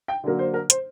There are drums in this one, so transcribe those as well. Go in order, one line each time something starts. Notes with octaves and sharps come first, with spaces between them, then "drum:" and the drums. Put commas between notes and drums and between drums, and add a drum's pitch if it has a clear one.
G5
D3 F#3 A#3
C5
A#4
C5, drum: hi-hat